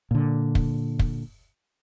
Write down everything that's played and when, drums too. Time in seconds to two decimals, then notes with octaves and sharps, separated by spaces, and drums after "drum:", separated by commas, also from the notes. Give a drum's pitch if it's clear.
0.11 A#2 D3
0.55 drum: kick
0.99 drum: kick